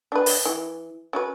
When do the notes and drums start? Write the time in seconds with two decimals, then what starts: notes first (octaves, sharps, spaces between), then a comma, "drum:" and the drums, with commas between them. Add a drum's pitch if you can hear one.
0.12 D4 B4
0.26 drum: open hi-hat
0.45 E3
1.13 C#4 F#4 B4